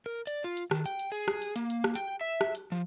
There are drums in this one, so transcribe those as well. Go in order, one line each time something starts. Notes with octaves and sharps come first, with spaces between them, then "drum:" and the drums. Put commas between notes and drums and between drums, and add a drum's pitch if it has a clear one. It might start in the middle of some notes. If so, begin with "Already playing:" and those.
A#4
D5, drum: hi-hat
F4
drum: hi-hat
D#3, drum: rim click
G5, drum: hi-hat
drum: hi-hat
G#4
drum: rim click
drum: hi-hat
A#3, drum: hi-hat
drum: hi-hat
drum: rim click
G5, drum: hi-hat
E5
drum: rim click
drum: hi-hat
F3